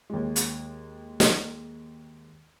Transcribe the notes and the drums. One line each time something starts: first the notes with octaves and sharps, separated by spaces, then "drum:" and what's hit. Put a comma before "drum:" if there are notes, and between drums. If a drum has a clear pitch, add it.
D#2 G#3
drum: hi-hat
drum: snare